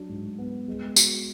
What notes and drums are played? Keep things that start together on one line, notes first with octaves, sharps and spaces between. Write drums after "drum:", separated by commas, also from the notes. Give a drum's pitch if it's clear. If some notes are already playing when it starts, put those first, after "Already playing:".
Already playing: F#3 D4
G#2
B3
G#3
F#4, drum: tambourine